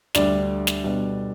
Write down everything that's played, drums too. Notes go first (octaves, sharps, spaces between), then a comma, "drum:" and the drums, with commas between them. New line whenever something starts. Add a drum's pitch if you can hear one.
D2 D3 G3 D4 D5, drum: snare
drum: snare
B2 G3 D4